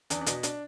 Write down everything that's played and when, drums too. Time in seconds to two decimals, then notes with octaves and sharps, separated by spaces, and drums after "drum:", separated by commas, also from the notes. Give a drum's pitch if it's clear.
0.10 E2 D4, drum: hi-hat
0.21 D4
0.26 B2, drum: hi-hat
0.43 D4, drum: hi-hat